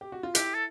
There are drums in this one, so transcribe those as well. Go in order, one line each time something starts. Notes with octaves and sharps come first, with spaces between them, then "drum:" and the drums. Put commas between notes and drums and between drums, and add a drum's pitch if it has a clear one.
G4
F#4
F4
E4 G4, drum: hi-hat
A4